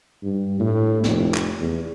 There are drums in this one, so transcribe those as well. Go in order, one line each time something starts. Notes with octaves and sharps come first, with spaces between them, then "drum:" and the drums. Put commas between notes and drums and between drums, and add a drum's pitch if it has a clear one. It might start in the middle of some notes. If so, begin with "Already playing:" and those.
G2
A2
F1, drum: snare
drum: clap
E2